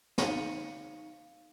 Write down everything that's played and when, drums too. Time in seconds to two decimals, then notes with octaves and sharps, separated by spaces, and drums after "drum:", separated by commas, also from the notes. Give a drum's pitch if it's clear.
0.18 D#4 F5 C#7 D#7, drum: snare